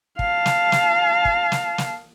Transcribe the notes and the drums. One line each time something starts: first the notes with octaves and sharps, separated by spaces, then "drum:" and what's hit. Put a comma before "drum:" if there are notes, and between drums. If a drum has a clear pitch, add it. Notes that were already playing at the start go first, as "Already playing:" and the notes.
F5 A5, drum: kick
drum: snare
drum: snare
drum: kick
drum: snare
drum: snare